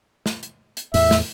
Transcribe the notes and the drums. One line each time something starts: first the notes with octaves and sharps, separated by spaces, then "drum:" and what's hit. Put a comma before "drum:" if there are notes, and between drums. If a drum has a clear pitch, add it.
drum: snare
drum: hi-hat
drum: hi-hat
E2 A2 E5, drum: open hi-hat
drum: snare